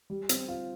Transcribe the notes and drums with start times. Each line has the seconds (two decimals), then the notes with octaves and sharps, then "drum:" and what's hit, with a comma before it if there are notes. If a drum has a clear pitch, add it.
0.10 G3
0.29 C4, drum: hi-hat
0.48 F4